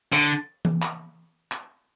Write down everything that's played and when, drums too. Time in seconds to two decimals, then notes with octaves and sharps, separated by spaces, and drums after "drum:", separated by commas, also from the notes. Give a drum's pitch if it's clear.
0.13 D3, drum: clap
0.65 drum: tom E3
0.82 drum: clap
1.52 drum: clap